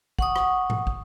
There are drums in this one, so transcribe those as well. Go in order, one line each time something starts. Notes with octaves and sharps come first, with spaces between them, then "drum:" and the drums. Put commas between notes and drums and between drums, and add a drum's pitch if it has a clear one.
F#5 C#6 D#6, drum: kick
drum: rim click
drum: tom G#2
drum: kick